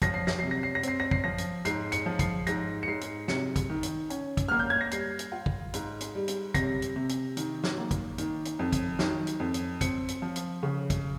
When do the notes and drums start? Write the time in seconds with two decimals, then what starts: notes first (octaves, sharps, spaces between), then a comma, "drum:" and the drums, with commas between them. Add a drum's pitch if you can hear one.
0.02 F3 A#6, drum: kick, hi-hat
0.14 C7
0.27 A#6, drum: snare
0.39 C3 C7
0.51 A#6
0.63 C7
0.75 A#6
0.83 C4 C7, drum: hi-hat
1.00 A#6
1.11 C7, drum: kick
1.24 F3 A#6
1.38 drum: hi-hat
1.65 G#2 C7, drum: hi-hat
1.92 C#7, drum: hi-hat
2.06 F3
2.19 C7, drum: kick, hi-hat
2.47 G#2 A#6, drum: hi-hat
2.83 C#7
2.87 G#2 C7
3.01 drum: hi-hat
3.28 C3 C#7, drum: snare
3.56 drum: kick, hi-hat
3.70 D#3
3.83 drum: hi-hat
4.10 C#4, drum: hi-hat
4.37 drum: kick, hi-hat
4.48 A#3 F6
4.59 G6
4.70 G#6
4.81 A#6
4.91 G3 C7, drum: hi-hat
5.19 drum: hi-hat
5.32 F4
5.46 drum: kick
5.74 G#2, drum: hi-hat
6.00 drum: hi-hat
6.15 G3
6.28 drum: hi-hat
6.54 C3 A#6, drum: kick, hi-hat
6.82 drum: hi-hat
6.96 C3
7.09 drum: hi-hat
7.37 D#3, drum: hi-hat
7.64 drum: snare
7.78 A#3
7.91 drum: kick, hi-hat
8.18 D#3, drum: hi-hat
8.45 drum: hi-hat
8.59 F2
8.72 drum: kick, hi-hat
8.99 D#3, drum: snare
9.27 drum: hi-hat
9.40 F2
9.54 drum: hi-hat
9.81 C4 C#7, drum: kick, hi-hat
10.08 drum: hi-hat
10.22 F3
10.36 drum: hi-hat
10.63 C#3
10.90 drum: kick, hi-hat